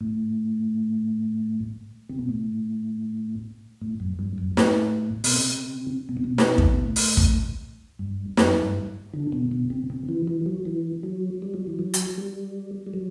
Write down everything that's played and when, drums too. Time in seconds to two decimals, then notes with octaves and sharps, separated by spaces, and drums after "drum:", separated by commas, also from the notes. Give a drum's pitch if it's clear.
0.01 A2
2.09 C3
2.19 B2
2.29 A2
3.81 A2
4.00 F#2
4.19 G2
4.38 F#2
4.57 A2, drum: snare
5.24 B2, drum: open hi-hat
5.33 C3
6.09 B2
6.17 C3
6.24 B2
6.38 drum: snare
6.47 B2
6.58 A2, drum: kick
6.69 B2
6.85 A2
6.96 drum: open hi-hat
7.17 drum: kick
7.99 G2
8.37 F#2, drum: snare
8.63 G2
9.14 D3
9.32 B2
9.51 B2
9.70 C3
9.90 C3
10.09 E3
10.27 E3
10.46 F#3
10.65 E3
11.03 F#3
11.42 G3
11.54 F#3
11.67 E3
11.79 F#3
11.94 drum: hi-hat
12.18 G3
12.87 G3
12.94 F#3